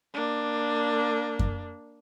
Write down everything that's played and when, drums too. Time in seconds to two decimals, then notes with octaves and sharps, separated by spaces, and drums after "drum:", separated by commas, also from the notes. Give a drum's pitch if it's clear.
0.14 A#3 D4
1.39 drum: kick F#2